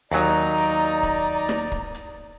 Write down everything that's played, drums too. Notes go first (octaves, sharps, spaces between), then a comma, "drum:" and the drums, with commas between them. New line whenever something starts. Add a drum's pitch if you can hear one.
D#2 F#3 D#4 D5 A#5, drum: hi-hat
drum: open hi-hat
drum: kick, hi-hat
drum: snare
drum: kick
drum: hi-hat